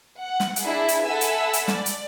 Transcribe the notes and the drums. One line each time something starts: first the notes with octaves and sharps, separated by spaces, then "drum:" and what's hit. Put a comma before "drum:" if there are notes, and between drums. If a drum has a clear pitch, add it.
F#5
drum: snare
drum: hi-hat
D4 E4 G#4
drum: hi-hat
A4 E5 F#5 G#5 B5 E6
drum: hi-hat
drum: hi-hat
D5, drum: snare
drum: hi-hat